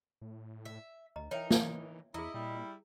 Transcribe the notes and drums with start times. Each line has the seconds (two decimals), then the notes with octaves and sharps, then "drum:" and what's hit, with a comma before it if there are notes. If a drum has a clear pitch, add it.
0.21 A2
0.65 E5
1.16 D2 D#5 A#5
1.31 E3 D#4 A#4 C#5 E5 G5
1.51 drum: snare
2.14 E2 E4 G#4 D#5 A#5
2.34 A#2 G3 E4